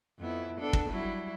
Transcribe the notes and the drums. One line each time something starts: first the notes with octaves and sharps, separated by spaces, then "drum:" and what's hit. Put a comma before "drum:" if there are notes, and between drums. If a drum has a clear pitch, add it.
F2 B3 E4
B3 D4 A4
drum: kick
F#3 G3 E4